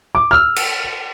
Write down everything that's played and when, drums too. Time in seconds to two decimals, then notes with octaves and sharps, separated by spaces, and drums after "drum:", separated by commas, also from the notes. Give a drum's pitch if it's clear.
0.15 D6
0.31 E6 F6
0.56 drum: cymbal